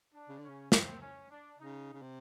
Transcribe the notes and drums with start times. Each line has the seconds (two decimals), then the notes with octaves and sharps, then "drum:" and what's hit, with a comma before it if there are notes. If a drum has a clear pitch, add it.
0.14 D4
0.29 C#3
0.38 D3 C#4
0.49 C#3
0.72 C4, drum: snare
1.01 C#4
1.30 D4
1.59 C#3 D#4
1.93 C#3
2.02 C3